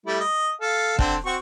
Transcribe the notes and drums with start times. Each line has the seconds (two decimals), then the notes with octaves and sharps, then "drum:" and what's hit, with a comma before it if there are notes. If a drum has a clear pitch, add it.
0.06 G3 A3 E4
0.20 D#5
0.61 A4 F5
0.99 D3 C4 D4, drum: kick
1.26 C4 F#4 C#6